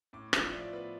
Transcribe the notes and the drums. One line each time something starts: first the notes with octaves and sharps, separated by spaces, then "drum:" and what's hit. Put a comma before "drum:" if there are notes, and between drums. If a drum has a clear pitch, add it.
A2 D6
F3 E5, drum: rim click
F3 D5
B3 B4